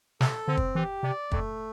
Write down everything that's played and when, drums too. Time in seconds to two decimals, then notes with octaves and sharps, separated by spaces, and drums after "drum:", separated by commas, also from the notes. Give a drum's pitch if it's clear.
0.21 C3 A4, drum: snare
0.48 D3 C4
0.57 drum: kick
0.75 E3 G4
1.03 C3 D5
1.31 F2 A3, drum: kick